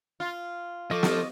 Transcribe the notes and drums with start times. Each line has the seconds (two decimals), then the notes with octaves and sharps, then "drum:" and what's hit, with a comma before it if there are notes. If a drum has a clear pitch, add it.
0.20 F4
0.91 F3 A4 D#5 C#6 D6
1.03 drum: snare